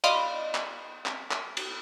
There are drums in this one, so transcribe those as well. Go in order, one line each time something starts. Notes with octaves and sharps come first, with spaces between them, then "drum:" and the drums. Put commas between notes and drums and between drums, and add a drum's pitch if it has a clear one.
D5 D#5 F5 B5 C6, drum: cymbal
drum: clap
drum: clap
drum: clap
drum: cymbal